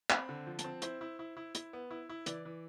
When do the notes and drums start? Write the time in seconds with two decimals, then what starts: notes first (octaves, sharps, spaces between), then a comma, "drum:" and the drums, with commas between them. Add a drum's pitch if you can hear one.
0.10 C4 B5, drum: clap
0.29 D3
0.47 F3
0.59 A5, drum: hi-hat
0.64 C4
0.82 E4 C5, drum: hi-hat
1.01 E4
1.19 E4
1.37 E4
1.55 E4, drum: hi-hat
1.73 B3
1.91 E4
2.09 E4
2.26 E3 D5, drum: hi-hat
2.45 E3